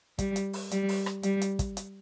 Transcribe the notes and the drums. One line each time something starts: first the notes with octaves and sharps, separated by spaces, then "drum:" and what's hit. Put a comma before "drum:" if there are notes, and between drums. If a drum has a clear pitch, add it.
G3, drum: kick, hi-hat
drum: hi-hat
drum: open hi-hat
G3, drum: hi-hat
drum: open hi-hat
drum: rim click
G3, drum: hi-hat
drum: hi-hat
drum: kick, hi-hat
drum: hi-hat